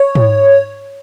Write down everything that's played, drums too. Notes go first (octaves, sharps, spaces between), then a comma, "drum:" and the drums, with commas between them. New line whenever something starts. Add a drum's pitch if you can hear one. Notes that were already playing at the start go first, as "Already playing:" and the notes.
Already playing: C#5
drum: tom G#2